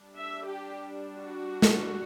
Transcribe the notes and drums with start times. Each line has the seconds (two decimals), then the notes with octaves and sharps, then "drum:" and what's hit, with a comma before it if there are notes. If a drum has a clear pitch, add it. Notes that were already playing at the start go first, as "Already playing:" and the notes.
Already playing: G3 D4
0.16 E5
0.45 G4
1.17 F#4
1.62 drum: snare